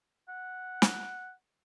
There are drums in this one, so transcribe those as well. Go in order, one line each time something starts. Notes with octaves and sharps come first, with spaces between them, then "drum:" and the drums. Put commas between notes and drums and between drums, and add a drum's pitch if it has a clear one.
F#5
drum: snare